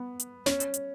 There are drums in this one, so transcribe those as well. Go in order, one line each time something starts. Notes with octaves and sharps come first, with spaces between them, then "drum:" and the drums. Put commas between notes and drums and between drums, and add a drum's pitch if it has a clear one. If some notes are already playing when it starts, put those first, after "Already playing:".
Already playing: B3
drum: hi-hat
C#4, drum: snare
drum: hi-hat
drum: hi-hat